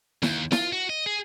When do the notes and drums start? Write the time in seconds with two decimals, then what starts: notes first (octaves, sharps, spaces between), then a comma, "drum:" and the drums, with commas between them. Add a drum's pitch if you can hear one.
0.22 D#2, drum: snare E4
0.52 F4, drum: snare E4
0.72 F#4
0.90 D#5
1.06 G#4